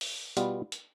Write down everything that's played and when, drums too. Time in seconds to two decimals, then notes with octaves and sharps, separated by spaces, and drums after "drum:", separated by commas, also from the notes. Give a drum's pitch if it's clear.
0.01 drum: open hi-hat
0.37 B2 G3 B3 F4, drum: hi-hat
0.72 drum: hi-hat